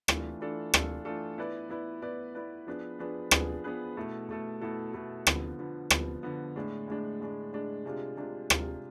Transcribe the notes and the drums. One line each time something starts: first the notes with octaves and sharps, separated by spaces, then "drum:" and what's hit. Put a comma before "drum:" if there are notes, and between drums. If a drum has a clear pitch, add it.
E3 A3 D4 F4 A4, drum: rim click
E3 A3 D4 F4 A4
E3 A3 D4 F4 A4, drum: rim click
E3 A3 D4 F4 A4
B3 E4 B4 D5
B3 E4 B4 D5
B3 E4 B4 D5
B3 E4 B4 D5
F3 B3 D4 G#4 B4
F3 B3 D4 G#4 B4
F3 B3 D4 G#4 B4, drum: rim click
F3 B3 D4 G#4 B4
B2 A3 E4 A4
B2 A3 E4 A4
B2 A3 E4 A4
B2 A3 E4 A4
D3 F3 B3, drum: rim click
D3 F3 B3
D3 F3 B3, drum: rim click
D3 F3 B3
A2 G#3 D4
A2 G#3 D4
A2 G#3 D4
A2 G#3 D4
C3 G#3 D4 F4
C3 G#3 D4 F4
C3 G#3 D4 F4, drum: rim click